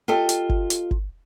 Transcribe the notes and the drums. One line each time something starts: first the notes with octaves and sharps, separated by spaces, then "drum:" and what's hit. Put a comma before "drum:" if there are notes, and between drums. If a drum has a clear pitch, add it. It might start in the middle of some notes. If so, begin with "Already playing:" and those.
F4 G4 A4 D#5
drum: hi-hat
drum: kick G1
drum: hi-hat
drum: kick G1